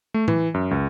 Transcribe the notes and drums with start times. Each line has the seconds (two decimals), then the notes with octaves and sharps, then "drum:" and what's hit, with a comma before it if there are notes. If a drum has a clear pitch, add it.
0.14 A3
0.28 E3, drum: tom A2
0.54 F#2
0.71 C#2